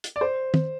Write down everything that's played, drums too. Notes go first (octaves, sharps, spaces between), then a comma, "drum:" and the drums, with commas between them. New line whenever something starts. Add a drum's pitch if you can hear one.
drum: hi-hat
D5
C5
drum: tom